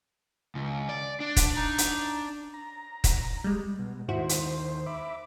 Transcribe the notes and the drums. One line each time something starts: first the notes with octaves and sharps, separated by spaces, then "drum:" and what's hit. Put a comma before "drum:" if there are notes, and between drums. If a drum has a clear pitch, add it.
C#2
D5
D4
drum: kick, hi-hat
D#4
drum: hi-hat
A#5
drum: kick, hi-hat
G3 G#3
B2
D#2 G#2 E4 F#4 C5
drum: hi-hat
E5 B5 D6